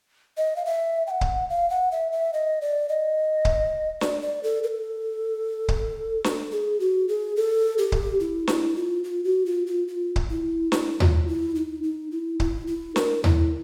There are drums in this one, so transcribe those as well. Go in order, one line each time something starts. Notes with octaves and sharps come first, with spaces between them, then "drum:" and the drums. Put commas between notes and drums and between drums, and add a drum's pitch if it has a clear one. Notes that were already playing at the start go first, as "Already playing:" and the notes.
D#5
F5
E5
G5
F#5
drum: kick C#1
F5
F#5
E5
E5
D#5
D5
D#5
drum: kick C#1
D5, drum: snare
D5
A4
A#4
A4
drum: kick C#1
drum: snare
G#4
F#4
G#4
A4
G4
drum: kick C#1
E4
F4, drum: snare
E4
F4
F4
F#4
F4
F4
F4
drum: kick C#1
E4
E4, drum: snare
F#4, drum: tom D#2
F4
E4
D#4
D#4
E4
E4, drum: kick C#1
E4
A#4, drum: snare
E4, drum: tom D#2